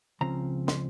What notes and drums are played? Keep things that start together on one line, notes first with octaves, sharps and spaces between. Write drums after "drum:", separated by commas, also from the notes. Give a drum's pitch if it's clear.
C#2 C#3 F3 C4 A#5
C6, drum: snare